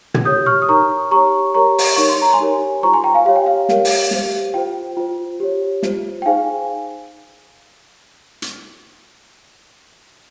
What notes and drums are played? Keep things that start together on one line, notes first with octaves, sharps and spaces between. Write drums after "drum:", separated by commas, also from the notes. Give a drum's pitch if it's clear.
G#6, drum: tom
G4 C#5 D#6 G6
C#6 F6
D#6
D#4 A#4 C#5 A#5 C#6
G4 C#5 A#5 C#6
G4 A#4 C#5 A#5 C#6
drum: open hi-hat
D#4 A#4 C#5 C#6
C6
A#5
G#5 C6
D#4 G4 A#4 C#5
F4 C5 A#5 C#6
G#5 C6
G5 A#5
F5 G#5
G4 C#5 F5
G5
F5
G4 A#4 C#5 F5, drum: snare
drum: open hi-hat
G4 C5, drum: snare
F4 C5 G5
F4 C5
G4 C#5
F4 C5, drum: snare
G5
D#4 G#4 C5 F5 G#5
drum: hi-hat